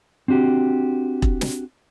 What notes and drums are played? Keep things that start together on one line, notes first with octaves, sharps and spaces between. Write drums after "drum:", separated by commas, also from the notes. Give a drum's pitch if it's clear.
C4 D4 F#4 G4
drum: kick E1
drum: snare